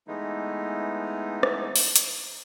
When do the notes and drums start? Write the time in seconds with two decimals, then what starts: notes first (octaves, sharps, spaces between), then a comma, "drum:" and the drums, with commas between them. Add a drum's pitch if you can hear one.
0.08 E3 G#3 A3 B3 D#4
1.43 drum: rim click
1.76 drum: open hi-hat
1.96 drum: hi-hat